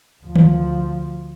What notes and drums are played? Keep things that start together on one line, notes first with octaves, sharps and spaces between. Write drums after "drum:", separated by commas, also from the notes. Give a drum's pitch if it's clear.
D2 F3
drum: tom D#3